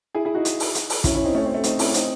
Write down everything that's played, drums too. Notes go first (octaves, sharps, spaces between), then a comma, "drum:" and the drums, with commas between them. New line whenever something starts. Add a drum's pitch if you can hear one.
E4 G#4
E4 G#4
D#4 F#4
drum: hi-hat
drum: open hi-hat
drum: hi-hat
drum: open hi-hat
C#4 E4, drum: kick, hi-hat
C#4 E4
C4 D#4
A3 C#4
C4
A3
C4 D#4, drum: hi-hat
C#4 E4, drum: open hi-hat
C4 D#4, drum: hi-hat